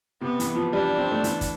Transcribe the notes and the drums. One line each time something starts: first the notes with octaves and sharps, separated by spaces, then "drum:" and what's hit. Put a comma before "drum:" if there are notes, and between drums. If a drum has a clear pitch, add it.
C3 B3
E3, drum: hi-hat
F3
G3 D4
C4
A3
E3, drum: hi-hat
drum: kick, hi-hat